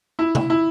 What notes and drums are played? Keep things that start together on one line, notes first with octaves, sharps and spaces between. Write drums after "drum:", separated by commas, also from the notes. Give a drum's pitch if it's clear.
E4
drum: tom C3
E4